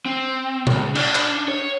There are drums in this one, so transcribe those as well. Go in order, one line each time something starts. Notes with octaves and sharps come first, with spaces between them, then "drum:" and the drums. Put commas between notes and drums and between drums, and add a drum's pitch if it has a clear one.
C4
C#2, drum: tom A#2
D4, drum: cymbal
drum: clap
C#5